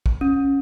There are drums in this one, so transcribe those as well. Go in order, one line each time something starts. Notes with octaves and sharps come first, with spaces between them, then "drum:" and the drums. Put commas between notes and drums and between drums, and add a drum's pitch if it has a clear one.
drum: kick
C#4